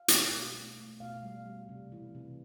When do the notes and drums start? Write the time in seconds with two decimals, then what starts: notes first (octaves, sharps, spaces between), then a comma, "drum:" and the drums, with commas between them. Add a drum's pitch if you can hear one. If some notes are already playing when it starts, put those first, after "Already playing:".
Already playing: F5
0.08 G3, drum: hi-hat
0.31 B2
0.54 A3
0.77 A3
1.00 B2 F5
1.23 G3
1.46 G3
1.69 C3
1.92 E3
2.15 C3